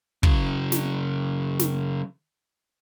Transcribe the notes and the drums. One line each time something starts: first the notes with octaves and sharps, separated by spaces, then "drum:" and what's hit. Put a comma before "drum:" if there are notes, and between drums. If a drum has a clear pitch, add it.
C#3 F#3, drum: kick
drum: snare
drum: snare